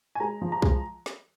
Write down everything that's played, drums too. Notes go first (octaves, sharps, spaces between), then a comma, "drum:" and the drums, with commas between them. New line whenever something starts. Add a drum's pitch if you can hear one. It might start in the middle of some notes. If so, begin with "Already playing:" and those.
G#5
G#3 A#5
F3
A#5
G#3, drum: kick
drum: snare